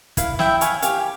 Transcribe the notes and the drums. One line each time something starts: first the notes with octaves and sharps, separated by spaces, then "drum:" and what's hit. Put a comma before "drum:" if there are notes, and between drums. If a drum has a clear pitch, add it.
E4 F5, drum: kick, hi-hat
E4 E5 G5, drum: snare
C#5 F5 G#5, drum: hi-hat
G4 F5 G#5, drum: hi-hat